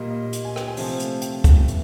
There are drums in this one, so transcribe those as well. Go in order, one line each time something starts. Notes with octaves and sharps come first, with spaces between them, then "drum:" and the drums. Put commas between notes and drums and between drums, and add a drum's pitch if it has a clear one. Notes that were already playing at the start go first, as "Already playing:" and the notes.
Already playing: A#2 G3 A#3 D#5
D#5
drum: hi-hat
G#5
G5, drum: rim click
G#5
C3 F3 A3, drum: open hi-hat
drum: hi-hat
G5, drum: hi-hat
drum: kick, hi-hat
E3, drum: hi-hat